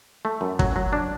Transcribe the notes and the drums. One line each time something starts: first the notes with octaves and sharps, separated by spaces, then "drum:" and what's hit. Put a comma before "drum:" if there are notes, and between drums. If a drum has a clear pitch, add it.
A3
F#2
F#3, drum: kick
F#3
D4